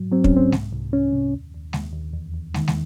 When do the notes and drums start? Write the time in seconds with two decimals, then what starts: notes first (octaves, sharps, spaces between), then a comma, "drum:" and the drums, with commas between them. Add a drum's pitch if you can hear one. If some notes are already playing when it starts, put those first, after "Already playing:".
Already playing: G#2 F#3
0.11 F#3 C4
0.24 C#4, drum: kick
0.32 G#2 C4
0.52 C2, drum: snare
0.72 C2
0.93 C2 C#4
1.13 C3
1.34 D#2
1.54 D#2
1.73 D#2, drum: snare
1.93 D#2
2.13 E2
2.34 E2
2.54 D#3, drum: snare
2.68 drum: snare